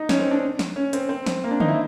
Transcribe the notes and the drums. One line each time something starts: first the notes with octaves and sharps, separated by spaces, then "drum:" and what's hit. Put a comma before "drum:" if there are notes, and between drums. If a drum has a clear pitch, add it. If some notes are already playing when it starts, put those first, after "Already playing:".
Already playing: D#4
C#4, drum: snare
C4
D4
drum: snare
C#4
C4, drum: hi-hat
C4
drum: snare
A#3
D4
D#4, drum: tom D3
E4